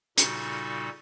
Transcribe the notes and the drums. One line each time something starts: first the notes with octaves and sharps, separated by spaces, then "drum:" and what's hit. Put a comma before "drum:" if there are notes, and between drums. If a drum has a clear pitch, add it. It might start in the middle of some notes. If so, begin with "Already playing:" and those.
A#2 C#3 G3 D#4 F#4 A4, drum: hi-hat